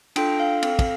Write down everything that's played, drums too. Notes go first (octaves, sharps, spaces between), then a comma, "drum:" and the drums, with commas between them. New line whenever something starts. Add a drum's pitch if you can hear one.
D4 F4 A4 G5, drum: cymbal
F5
C4 A4, drum: cymbal
drum: kick, cymbal